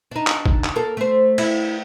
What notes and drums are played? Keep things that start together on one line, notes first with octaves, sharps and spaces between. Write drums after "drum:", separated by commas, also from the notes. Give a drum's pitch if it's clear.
D4 D#4
drum: clap
drum: kick
drum: clap
A#3 A4
A3 C5
E4, drum: cymbal